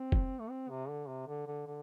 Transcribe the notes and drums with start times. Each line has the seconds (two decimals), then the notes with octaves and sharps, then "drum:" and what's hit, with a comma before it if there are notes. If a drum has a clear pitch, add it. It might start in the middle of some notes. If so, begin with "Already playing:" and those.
Already playing: C4
0.12 drum: kick
0.39 A3
0.50 C4
0.70 C3
0.89 D3
1.08 C3
1.28 D3
1.47 D3
1.67 D3